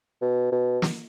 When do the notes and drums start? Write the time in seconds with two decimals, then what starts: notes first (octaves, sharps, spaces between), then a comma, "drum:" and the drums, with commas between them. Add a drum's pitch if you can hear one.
0.22 B2
0.52 B2
0.82 drum: snare